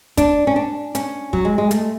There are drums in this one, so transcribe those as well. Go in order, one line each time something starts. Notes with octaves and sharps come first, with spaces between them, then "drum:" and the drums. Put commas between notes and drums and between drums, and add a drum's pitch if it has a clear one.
D4, drum: kick, hi-hat
C#4
D4
C#4, drum: hi-hat
F#3, drum: kick
G#3
G#3
A3, drum: hi-hat